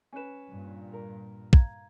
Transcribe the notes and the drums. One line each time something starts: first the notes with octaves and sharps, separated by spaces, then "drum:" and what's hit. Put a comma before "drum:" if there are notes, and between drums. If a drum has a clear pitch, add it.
C#4 B4 G#5 E7
G2 A#2
A#4
F5 A#5 G#6, drum: kick